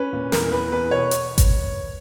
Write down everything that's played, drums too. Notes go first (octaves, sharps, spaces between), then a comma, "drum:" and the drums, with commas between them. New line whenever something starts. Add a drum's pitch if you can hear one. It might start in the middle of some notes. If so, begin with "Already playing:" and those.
Already playing: C#4 B4
A#2
E2 A#4, drum: snare
E2 B4
E2 B4
B2 C#5
drum: hi-hat
drum: kick G#1, hi-hat